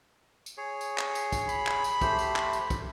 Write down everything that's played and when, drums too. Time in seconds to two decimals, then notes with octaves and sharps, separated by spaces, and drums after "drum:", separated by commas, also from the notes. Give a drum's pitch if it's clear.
0.46 drum: tambourine
0.57 G#4 C#5
0.81 drum: tambourine
0.98 drum: clap
1.15 drum: tambourine
1.32 drum: kick, tambourine
1.49 B5, drum: tambourine
1.67 drum: clap
1.84 drum: tambourine
2.01 A3 G4 C5, drum: kick, tambourine
2.19 drum: tambourine
2.36 drum: clap
2.53 drum: tambourine
2.70 drum: kick, tambourine